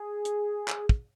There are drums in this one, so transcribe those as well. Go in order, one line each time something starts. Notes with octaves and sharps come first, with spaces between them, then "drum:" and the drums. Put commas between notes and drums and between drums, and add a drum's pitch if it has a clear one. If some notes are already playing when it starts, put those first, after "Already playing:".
Already playing: G#4
drum: hi-hat
drum: clap
drum: kick